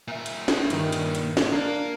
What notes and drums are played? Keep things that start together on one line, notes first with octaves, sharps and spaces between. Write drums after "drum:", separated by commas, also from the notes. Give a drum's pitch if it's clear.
A#2 E5
drum: hi-hat
drum: snare
G2 D#3, drum: hi-hat
drum: hi-hat
drum: hi-hat
drum: snare
A#3 D4 A#4